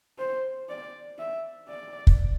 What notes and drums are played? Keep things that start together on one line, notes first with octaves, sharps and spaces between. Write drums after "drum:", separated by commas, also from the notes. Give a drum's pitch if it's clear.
C5
D5
E5
D5
drum: kick